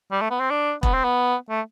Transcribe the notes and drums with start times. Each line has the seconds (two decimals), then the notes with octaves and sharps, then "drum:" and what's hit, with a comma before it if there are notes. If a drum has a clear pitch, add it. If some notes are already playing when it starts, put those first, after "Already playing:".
0.12 G3
0.21 A3
0.31 B3
0.40 C4
0.50 D4
0.83 B3, drum: kick E1
0.94 C4
1.04 B3
1.49 A3